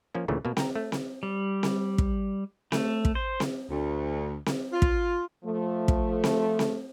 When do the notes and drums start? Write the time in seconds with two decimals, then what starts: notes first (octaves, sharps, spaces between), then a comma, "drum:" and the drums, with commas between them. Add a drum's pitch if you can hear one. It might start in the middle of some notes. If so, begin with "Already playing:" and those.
0.15 F3 A#3 C#4
0.28 D2 A#2 C#3 E3 A3
0.45 B2 A#3
0.57 G5 A#5, drum: snare C4
0.76 A3
0.92 drum: snare C4
1.23 G3
1.63 drum: snare C4
1.98 drum: kick
2.72 A3, drum: snare C4
3.05 drum: kick
3.15 C5
3.40 drum: snare C4
3.70 D2
4.46 drum: snare C4
4.73 F4
4.82 drum: kick
5.44 F3 A3
5.88 drum: kick
6.24 drum: snare C4
6.59 drum: snare C4